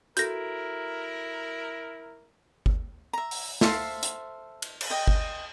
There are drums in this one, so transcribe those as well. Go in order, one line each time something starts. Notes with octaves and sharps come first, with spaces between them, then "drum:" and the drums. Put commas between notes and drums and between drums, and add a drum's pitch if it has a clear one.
E4 F#4 A4 A#4 G6 A#6, drum: hi-hat
drum: kick G1
E5 A#5
drum: open hi-hat
A4 C5 E5 F5, drum: snare
drum: hi-hat
drum: cymbal
drum: cymbal
D#5 G5
drum: kick G1